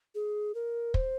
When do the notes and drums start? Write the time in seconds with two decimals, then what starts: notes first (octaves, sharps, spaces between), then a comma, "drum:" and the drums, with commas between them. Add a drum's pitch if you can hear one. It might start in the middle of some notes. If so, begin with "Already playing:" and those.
0.15 G#4
0.55 A#4
0.94 C5, drum: kick